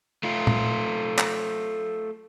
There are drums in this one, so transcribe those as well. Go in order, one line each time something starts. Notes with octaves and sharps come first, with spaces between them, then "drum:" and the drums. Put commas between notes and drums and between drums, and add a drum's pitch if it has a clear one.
A3 F4
drum: tom
drum: clap